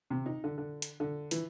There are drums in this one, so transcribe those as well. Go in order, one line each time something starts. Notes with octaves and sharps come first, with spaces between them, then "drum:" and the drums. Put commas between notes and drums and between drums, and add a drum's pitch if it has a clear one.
C3
D#4
D3
D3
drum: hi-hat
D3
E3, drum: hi-hat